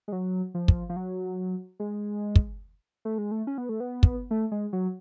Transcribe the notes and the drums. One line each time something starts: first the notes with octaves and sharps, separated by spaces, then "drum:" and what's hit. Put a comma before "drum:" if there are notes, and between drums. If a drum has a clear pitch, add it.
G#3
F#3
F3
drum: kick
F3
F#3
G#3
drum: kick
A3
G#3
A3
C#4
B3
A3
B3
drum: kick
A3
G#3
F#3